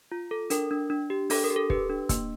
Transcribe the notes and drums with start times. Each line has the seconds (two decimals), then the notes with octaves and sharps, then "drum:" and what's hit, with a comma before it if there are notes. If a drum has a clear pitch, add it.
0.12 F4
0.31 A4
0.50 D4 A#4, drum: hi-hat
0.71 D4
0.90 D4
1.10 G4
1.30 D4 A4, drum: open hi-hat
1.44 A#4
1.50 G4
1.56 A4
1.70 G4 B4, drum: kick
1.90 D4
2.09 A#3, drum: kick, hi-hat